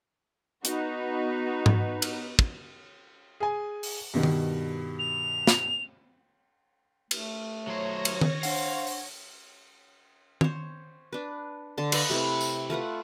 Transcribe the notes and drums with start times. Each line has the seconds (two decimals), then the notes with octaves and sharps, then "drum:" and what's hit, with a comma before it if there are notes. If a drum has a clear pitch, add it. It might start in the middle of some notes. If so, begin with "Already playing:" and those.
0.65 B3 D#4 F#4 B4, drum: hi-hat
1.66 drum: tom G#2
2.02 drum: cymbal
2.39 drum: kick
3.40 G#4 G#5
3.83 drum: open hi-hat
4.14 G2 B2 D#3
4.23 drum: tom D#3
4.99 F7
5.47 drum: snare
7.11 A3, drum: cymbal
7.68 F#3 C5 C#5 A#6
8.05 drum: cymbal
8.21 drum: tom D#3
8.43 D4 C5 F5 F#5, drum: open hi-hat
8.87 drum: open hi-hat
10.41 C5 C#5, drum: tom
11.13 D4 B4
11.77 D3 A5 C6
11.92 A4 B4 D#5 F5, drum: cymbal
12.10 C3 A3 E4 B4
12.41 drum: tambourine
12.70 A3 F4 B4 F#5